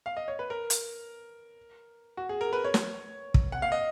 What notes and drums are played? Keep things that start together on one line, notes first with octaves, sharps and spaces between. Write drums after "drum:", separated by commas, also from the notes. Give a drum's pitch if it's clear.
F5
D#5
C#5
B4
A#4
drum: hi-hat
F#4
G#4
A#4
B4
C#5
drum: snare
drum: kick
F#5
F5
D#5